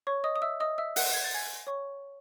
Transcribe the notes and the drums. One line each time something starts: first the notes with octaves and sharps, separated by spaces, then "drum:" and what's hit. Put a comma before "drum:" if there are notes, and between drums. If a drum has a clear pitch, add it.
C#5 C#6
D#5 D#6
D#6
E5 E6
D#5 D#6
E5 E6
F#5 F#6, drum: open hi-hat
G#6
A6
G#5 G#6
C#5 C#6